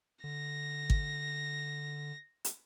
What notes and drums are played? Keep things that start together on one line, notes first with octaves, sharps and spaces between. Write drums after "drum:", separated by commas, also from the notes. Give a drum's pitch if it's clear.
D3 A#6
drum: kick
drum: hi-hat